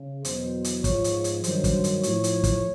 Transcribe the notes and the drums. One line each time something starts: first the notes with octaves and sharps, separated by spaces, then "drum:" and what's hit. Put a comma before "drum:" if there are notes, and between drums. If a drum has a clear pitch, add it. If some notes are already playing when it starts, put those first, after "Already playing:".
Already playing: C#3
E2 B2 F#3 C5, drum: hi-hat
drum: hi-hat
G#2 F3 C#5, drum: kick, hi-hat
drum: hi-hat
drum: hi-hat
G2 D#3 F#3 C5, drum: hi-hat
drum: kick, hi-hat
drum: hi-hat
A2 F3 C#5, drum: hi-hat
drum: hi-hat
drum: kick, hi-hat